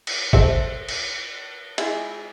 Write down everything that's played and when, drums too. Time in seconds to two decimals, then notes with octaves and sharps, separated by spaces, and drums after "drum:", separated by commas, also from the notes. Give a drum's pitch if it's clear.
0.07 drum: cymbal
0.33 A4 C5 E5, drum: kick
0.89 drum: cymbal
1.78 G#3 E4, drum: cymbal